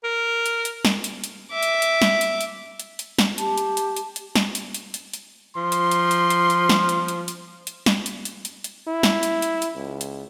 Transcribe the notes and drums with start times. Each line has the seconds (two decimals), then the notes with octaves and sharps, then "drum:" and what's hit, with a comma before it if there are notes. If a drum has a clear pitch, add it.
0.04 A#4
0.46 drum: hi-hat
0.65 drum: hi-hat
0.85 drum: snare
1.04 drum: hi-hat
1.24 drum: hi-hat
1.52 E5 D6
1.63 drum: hi-hat
1.82 drum: hi-hat
2.02 drum: snare
2.21 drum: hi-hat
2.41 drum: hi-hat
2.80 drum: hi-hat
2.99 drum: hi-hat
3.19 drum: snare
3.38 G4 A5, drum: hi-hat
3.58 drum: hi-hat
3.77 drum: hi-hat
3.96 drum: hi-hat
4.16 drum: hi-hat
4.35 drum: snare
4.55 drum: hi-hat
4.74 drum: hi-hat
4.94 drum: hi-hat
5.13 drum: hi-hat
5.56 F3 C6
5.72 drum: hi-hat
5.91 drum: hi-hat
6.11 drum: hi-hat
6.30 drum: hi-hat
6.50 drum: hi-hat
6.69 drum: snare
6.89 drum: hi-hat
7.08 drum: hi-hat
7.28 drum: hi-hat
7.67 drum: hi-hat
7.86 drum: snare
8.06 drum: hi-hat
8.25 drum: hi-hat
8.45 drum: hi-hat
8.64 drum: hi-hat
8.88 E4
9.03 drum: snare
9.23 drum: hi-hat
9.42 drum: hi-hat
9.62 drum: hi-hat
9.76 C#2
10.01 drum: hi-hat